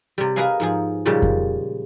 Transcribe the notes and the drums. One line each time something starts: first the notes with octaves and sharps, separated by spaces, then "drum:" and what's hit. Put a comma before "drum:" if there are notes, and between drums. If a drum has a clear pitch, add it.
C3 G3
G#4 A#4 B4 D#5 F5 G#5
G#2 F3 G#4
A#2 C#3 F3 G3 G#3
drum: kick F2